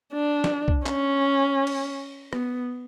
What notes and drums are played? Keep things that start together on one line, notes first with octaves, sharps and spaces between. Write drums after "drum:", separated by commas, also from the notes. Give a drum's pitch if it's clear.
D4
drum: snare
drum: kick
C#4, drum: clap
drum: cymbal
B3, drum: rim click